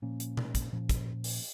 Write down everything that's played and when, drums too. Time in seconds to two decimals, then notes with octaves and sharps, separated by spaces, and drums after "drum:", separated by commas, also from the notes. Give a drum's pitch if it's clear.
0.02 A#2 F3 A#3 C#4
0.20 drum: hi-hat
0.37 drum: tom B2
0.55 drum: kick, hi-hat
0.72 A#2 F3 A#3 C#4
0.89 drum: kick, hi-hat
1.24 drum: open hi-hat